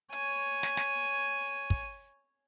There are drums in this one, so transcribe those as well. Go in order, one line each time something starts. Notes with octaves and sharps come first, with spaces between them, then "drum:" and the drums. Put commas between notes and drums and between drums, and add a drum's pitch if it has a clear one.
C#5 G#5, drum: hi-hat
drum: snare
drum: snare
drum: kick